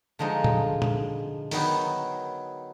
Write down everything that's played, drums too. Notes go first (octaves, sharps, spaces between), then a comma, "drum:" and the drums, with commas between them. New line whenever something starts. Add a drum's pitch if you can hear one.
D3 F3 G#3 D#4
drum: tom A#2
drum: tom A#2
D#3 F#3 B3 D#4, drum: open hi-hat